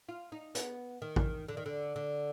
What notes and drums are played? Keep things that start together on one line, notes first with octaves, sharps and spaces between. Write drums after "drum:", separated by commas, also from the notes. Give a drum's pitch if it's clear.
F4
D#4
B3, drum: hi-hat
D#3
drum: kick
D3
D#3
D3
D3